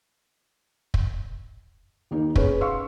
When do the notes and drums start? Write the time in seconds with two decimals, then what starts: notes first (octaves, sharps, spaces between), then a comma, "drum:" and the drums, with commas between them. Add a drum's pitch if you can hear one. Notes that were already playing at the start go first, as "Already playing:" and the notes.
0.94 drum: kick
2.11 D#2 A#3 D#4
2.36 C#4 G#4 B4, drum: kick
2.61 F5 C6 C#6 E6